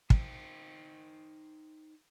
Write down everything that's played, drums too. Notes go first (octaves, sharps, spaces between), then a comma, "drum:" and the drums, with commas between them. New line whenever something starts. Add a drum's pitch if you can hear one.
D#4 C5 D#5 F#5 G5, drum: kick